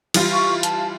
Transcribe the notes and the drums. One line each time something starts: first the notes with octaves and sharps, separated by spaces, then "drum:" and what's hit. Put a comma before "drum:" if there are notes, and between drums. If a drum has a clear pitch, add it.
E3 G3 F4, drum: cymbal
C#6
A5, drum: hi-hat